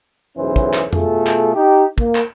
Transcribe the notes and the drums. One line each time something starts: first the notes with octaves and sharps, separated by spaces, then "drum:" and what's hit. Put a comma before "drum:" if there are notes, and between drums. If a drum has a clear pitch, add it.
B1 E2 C#3 E3 C#4 C5
drum: kick
drum: clap
B2 A3 F4 G#4 A4, drum: tom F2
drum: clap
D#4 G4
A#3, drum: kick
drum: clap